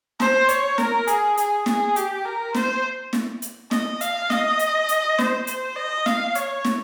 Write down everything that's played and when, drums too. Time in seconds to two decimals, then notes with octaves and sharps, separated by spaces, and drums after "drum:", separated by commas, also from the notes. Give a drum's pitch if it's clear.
0.20 C5, drum: snare
0.49 C#5, drum: hi-hat
0.78 A#4, drum: snare
1.07 G#4, drum: hi-hat
1.37 G#4, drum: hi-hat
1.66 G#4, drum: snare
1.96 G4, drum: hi-hat
2.25 A#4
2.54 C5, drum: snare
3.13 drum: snare
3.42 drum: hi-hat
3.71 D#5, drum: snare
4.01 F5, drum: hi-hat
4.30 D#5, drum: snare
4.59 drum: hi-hat
4.89 drum: hi-hat
5.19 C5, drum: snare
5.47 C5, drum: hi-hat
5.76 D#5
6.06 F5, drum: snare
6.35 C#5, drum: hi-hat
6.65 drum: snare